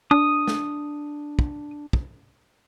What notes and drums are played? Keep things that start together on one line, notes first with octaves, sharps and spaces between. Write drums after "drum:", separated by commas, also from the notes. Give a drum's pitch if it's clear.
D4 D#6
drum: snare
drum: kick
drum: kick